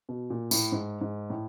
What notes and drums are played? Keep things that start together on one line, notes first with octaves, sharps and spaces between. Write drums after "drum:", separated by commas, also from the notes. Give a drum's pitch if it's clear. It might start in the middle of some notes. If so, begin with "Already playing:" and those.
B2
A#2
A2, drum: tambourine
G#2
G#2
A2